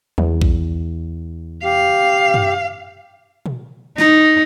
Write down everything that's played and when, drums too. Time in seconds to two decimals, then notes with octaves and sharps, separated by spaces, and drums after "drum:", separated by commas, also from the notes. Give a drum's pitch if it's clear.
0.18 E2, drum: tom D#3
0.41 drum: kick A#1
1.64 G4 F5
2.34 drum: tom F#2
3.46 drum: tom A#2
3.98 D#4, drum: snare